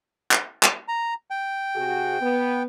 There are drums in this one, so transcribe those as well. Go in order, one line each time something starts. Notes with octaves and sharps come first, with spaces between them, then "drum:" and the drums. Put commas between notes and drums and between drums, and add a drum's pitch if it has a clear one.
drum: clap
drum: clap
A#5
G5
C3 F#4 G#4
B3